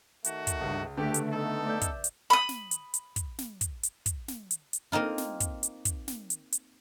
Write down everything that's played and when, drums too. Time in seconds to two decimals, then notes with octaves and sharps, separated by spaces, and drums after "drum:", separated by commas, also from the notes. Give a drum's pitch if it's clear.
0.24 D#3 A3 F#4, drum: hi-hat
0.47 drum: kick, hi-hat
0.61 C#2 G2
0.97 D3 A3 G4 B4 D7
1.14 drum: hi-hat
1.32 B3 D#4 A4
1.67 D5 E5 G6
1.81 drum: kick, hi-hat
2.04 drum: hi-hat
2.30 B5 D#6
2.49 drum: snare
2.71 drum: hi-hat
2.94 drum: hi-hat
3.16 drum: kick, hi-hat
3.38 drum: snare
3.61 drum: kick, hi-hat
3.83 drum: hi-hat
4.06 drum: kick, hi-hat
4.28 drum: snare
4.51 drum: hi-hat
4.73 drum: hi-hat
4.92 A#3 C4 D#4 F4
5.18 drum: snare
5.40 drum: kick, hi-hat
5.63 drum: hi-hat
5.85 drum: kick, hi-hat
6.08 drum: snare
6.30 drum: hi-hat
6.52 drum: hi-hat